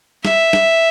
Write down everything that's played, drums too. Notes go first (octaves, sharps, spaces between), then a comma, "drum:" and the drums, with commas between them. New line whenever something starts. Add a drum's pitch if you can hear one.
E5, drum: snare
drum: snare